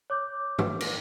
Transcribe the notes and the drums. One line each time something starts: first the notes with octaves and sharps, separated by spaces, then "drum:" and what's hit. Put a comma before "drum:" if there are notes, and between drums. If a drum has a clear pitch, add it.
C#5 D6 G6
drum: tom
drum: cymbal